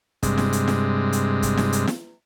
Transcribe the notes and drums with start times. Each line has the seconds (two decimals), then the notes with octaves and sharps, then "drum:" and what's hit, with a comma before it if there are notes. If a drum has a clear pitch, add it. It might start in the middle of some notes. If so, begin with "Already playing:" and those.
0.23 G2 C3 G#3, drum: kick, hi-hat
0.38 drum: snare
0.53 drum: hi-hat
0.68 drum: snare
1.13 drum: hi-hat
1.43 drum: kick, hi-hat
1.57 drum: snare
1.72 drum: hi-hat
1.87 drum: snare